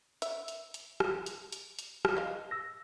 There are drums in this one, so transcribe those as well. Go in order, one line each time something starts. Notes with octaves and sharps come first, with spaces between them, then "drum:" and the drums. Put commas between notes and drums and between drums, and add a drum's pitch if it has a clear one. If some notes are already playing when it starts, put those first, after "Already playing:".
E5, drum: hi-hat
drum: hi-hat
drum: hi-hat
drum: rim click
drum: hi-hat
drum: hi-hat
drum: hi-hat
drum: rim click
D#5 F5
E6 A#6